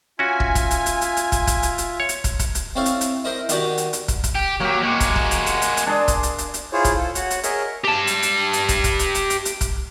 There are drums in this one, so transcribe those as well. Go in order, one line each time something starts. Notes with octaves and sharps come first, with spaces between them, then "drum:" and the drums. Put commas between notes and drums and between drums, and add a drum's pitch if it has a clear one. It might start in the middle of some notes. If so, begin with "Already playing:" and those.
C#4 F4 F#4 E5 G#5
drum: kick
drum: kick, hi-hat
drum: hi-hat
drum: hi-hat
drum: hi-hat
drum: hi-hat
drum: kick, hi-hat
drum: kick, hi-hat
drum: hi-hat
drum: hi-hat
C#5
drum: hi-hat
drum: kick, hi-hat
drum: kick, hi-hat
drum: hi-hat
C4 E4 A4 C#5 F5
drum: hi-hat
drum: hi-hat
D#4 E4 A#4 C5 D#5
D#3 D4 D#4 F#4 G4, drum: hi-hat
drum: hi-hat
drum: hi-hat
drum: kick, hi-hat
drum: kick, hi-hat
G4
F#3 A#3 G4
G#3 F#4
drum: kick, hi-hat
drum: kick
drum: hi-hat
drum: hi-hat
drum: hi-hat
drum: hi-hat
D4 G#4 C6
drum: kick, hi-hat
drum: hi-hat
drum: hi-hat
drum: hi-hat
E4 F4 G#4 C5 C#5
drum: kick, hi-hat
F4 A4 C5
F#4 C#5 F#5, drum: hi-hat
drum: hi-hat
G#4 A#4 C#5 D#5 E5, drum: hi-hat
G4 A5
drum: hi-hat
drum: hi-hat
drum: hi-hat
drum: kick, hi-hat
drum: kick, hi-hat
drum: hi-hat
drum: hi-hat
drum: hi-hat
drum: hi-hat
drum: kick, hi-hat